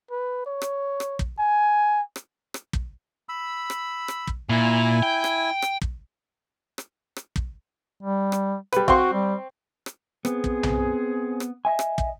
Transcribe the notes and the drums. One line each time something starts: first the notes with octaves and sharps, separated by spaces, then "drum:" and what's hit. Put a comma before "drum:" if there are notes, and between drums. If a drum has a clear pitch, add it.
B4
C#5
drum: rim click
drum: rim click
drum: kick
G#5
drum: rim click
drum: rim click
drum: kick
B5 E6
drum: rim click
drum: rim click
drum: kick
A#2 E4 G#5
G5
drum: rim click
drum: rim click
drum: kick
drum: rim click
drum: rim click
drum: kick
G3
drum: rim click
G3 B4, drum: rim click
C4 F#4 C6 C#6, drum: kick
G3
drum: rim click
B3 C4 G#4, drum: rim click
drum: kick
drum: tom B1
drum: rim click
D#5 E5 G#5
drum: rim click
drum: kick